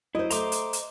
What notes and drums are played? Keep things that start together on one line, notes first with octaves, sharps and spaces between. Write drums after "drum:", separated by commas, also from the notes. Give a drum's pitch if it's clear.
F#3 E4 C5 D#5
A3 A#5 C6 D6, drum: hi-hat
drum: hi-hat
drum: hi-hat